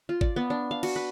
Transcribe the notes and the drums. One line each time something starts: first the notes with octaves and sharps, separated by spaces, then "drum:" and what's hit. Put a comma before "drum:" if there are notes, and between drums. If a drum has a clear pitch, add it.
F4
D5, drum: kick
B3
D4
F5
F#4, drum: cymbal
B4